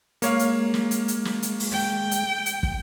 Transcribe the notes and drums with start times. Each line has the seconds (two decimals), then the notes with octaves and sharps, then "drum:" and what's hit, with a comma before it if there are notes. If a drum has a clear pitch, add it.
0.22 G#3 A#3 C#5 F5, drum: hi-hat
0.39 drum: hi-hat
0.74 drum: snare
0.91 drum: hi-hat
1.08 drum: hi-hat
1.25 drum: snare
1.43 drum: hi-hat
1.60 drum: open hi-hat
1.72 G5
2.11 drum: hi-hat
2.46 drum: hi-hat
2.63 drum: kick